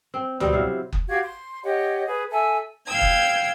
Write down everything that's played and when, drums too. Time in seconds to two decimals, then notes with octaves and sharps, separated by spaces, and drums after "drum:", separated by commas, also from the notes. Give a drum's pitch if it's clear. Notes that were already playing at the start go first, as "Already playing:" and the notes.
0.14 C4
0.40 B2 G3 C4, drum: tom
0.52 C3 F#3 E4 F5
0.93 drum: kick F#1
1.07 F#4 G4 F5 G#6
1.21 C6
1.63 G4 C#5 D#5 F#5
2.06 G#4 B4
2.31 A4 E5 G#5 E6
2.86 F5 G5 E6 G#6
3.01 drum: kick F#1